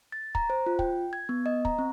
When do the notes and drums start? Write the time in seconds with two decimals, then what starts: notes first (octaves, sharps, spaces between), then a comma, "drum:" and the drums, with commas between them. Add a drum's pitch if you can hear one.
0.12 A6
0.35 A#5, drum: kick
0.50 C5
0.66 F4
0.79 G5, drum: kick
1.13 G#6
1.29 B3
1.46 D#5
1.65 A#5, drum: kick
1.78 C4